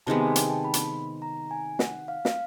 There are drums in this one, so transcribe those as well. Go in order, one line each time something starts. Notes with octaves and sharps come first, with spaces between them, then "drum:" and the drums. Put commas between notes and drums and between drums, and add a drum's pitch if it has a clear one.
C3 D#3 G#3 B3 A5
G#5
G5, drum: hi-hat
A5
B5
drum: hi-hat
A#5
G#5
F#5, drum: snare
F5
F5, drum: snare